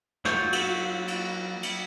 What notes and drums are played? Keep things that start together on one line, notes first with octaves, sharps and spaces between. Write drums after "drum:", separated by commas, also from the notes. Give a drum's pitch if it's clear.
F#3 A#3 F4 C#5 G6, drum: snare
drum: cymbal
drum: cymbal
drum: cymbal